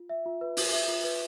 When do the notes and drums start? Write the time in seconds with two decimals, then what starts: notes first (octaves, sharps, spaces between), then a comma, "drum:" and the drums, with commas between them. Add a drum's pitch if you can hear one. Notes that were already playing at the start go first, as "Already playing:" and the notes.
Already playing: F4
0.09 E5
0.26 F4
0.41 B4
0.57 F4, drum: open hi-hat
0.72 E5
0.88 F4
1.04 B4